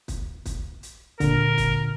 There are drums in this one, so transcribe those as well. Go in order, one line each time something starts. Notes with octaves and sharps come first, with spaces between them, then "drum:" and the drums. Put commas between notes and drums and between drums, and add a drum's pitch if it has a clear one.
drum: kick, hi-hat
drum: kick, hi-hat
drum: hi-hat
A#2 D3 A#4, drum: kick, hi-hat
drum: kick, hi-hat